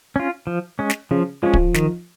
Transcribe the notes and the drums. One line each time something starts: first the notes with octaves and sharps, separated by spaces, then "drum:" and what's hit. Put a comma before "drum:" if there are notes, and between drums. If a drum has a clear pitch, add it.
C#4 F4
F3
G#3 C#4
drum: snare
C#3 F3
F3 G#3 C#4
drum: kick
D#3, drum: snare